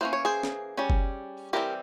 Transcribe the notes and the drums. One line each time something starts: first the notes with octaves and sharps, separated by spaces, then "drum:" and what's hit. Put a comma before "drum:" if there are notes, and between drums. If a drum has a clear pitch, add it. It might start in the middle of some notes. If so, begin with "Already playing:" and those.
E3 A#3 C#4 C5
C#5
G#4 C5
drum: snare
G3 C#4
drum: kick F#1
E3 G3 C4 G4 A#4